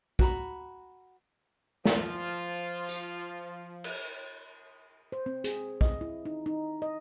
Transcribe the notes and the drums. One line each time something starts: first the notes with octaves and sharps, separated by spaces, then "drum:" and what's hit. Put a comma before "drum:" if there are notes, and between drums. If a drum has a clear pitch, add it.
F#4 A#5 B5, drum: kick A#1
F3 F4, drum: snare
drum: tambourine
drum: cymbal
C5
C4
G#4, drum: hi-hat
D#5, drum: kick A#1
E4
D#4
D#4
D#5